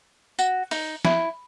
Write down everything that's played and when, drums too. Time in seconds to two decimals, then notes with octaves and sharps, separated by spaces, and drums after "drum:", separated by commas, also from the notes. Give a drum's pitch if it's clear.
0.39 F#4, drum: tambourine
0.71 D#4, drum: open hi-hat
1.05 E4, drum: snare